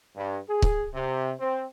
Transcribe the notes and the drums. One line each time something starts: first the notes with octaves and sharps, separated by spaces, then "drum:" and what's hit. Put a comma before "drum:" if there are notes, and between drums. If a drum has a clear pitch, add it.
G2
G#4
drum: kick C#1
C3
C4